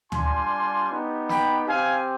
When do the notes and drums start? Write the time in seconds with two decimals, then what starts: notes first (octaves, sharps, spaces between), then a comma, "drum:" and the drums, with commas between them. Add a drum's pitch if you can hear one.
0.12 G3 D4 F4 G#5 C6, drum: tom D2
0.90 B3 D#4 G4
1.29 G5 B5, drum: snare
1.68 C4 G4 F5 G#5